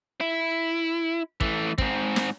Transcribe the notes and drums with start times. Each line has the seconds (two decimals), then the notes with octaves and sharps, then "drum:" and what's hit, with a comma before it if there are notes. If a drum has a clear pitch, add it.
0.21 E4
1.41 E3 A3, drum: kick
1.78 G#2 C4, drum: kick
2.16 drum: snare